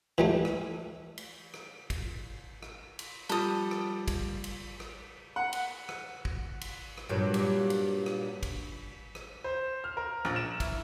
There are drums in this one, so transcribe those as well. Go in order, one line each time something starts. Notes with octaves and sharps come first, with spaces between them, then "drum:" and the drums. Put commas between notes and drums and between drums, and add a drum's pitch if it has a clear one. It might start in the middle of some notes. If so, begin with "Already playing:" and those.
E3 G3 A3
drum: rim click
drum: cymbal
drum: rim click
drum: kick, cymbal
drum: rim click
drum: cymbal
F3 G3 A4 D#6
drum: rim click
drum: kick, cymbal
drum: cymbal
drum: rim click
F#5
drum: cymbal
drum: rim click
drum: kick
drum: cymbal
drum: rim click
G2 A#2 F#3
drum: cymbal
drum: cymbal
drum: rim click
drum: kick, cymbal
drum: rim click
C5
F6
A#4
A#1, drum: rim click
E7
E4, drum: kick, cymbal